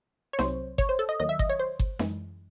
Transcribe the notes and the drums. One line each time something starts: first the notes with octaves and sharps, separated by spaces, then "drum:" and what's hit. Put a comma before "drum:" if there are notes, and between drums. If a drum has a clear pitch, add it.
C#5
C2 C3 F#3 C4 C5, drum: snare D#4
C#5, drum: kick G1
C5
A4
D#5
D#2 D#3 F#3 D#5
E5
D#5, drum: kick G1
C#5
C5
drum: kick G1
F#2 E3 G#3, drum: snare D#4